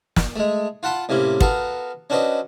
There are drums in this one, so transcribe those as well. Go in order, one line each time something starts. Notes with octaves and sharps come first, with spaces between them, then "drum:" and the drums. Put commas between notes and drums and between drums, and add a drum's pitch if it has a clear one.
drum: snare
G#3 A3
F4 F#5 A5 B5 C6
A2 C3 A#3 C#4
B3 F#4 A4 A#4 F5, drum: kick
C#4 D4 F#4 B4 C5 D#5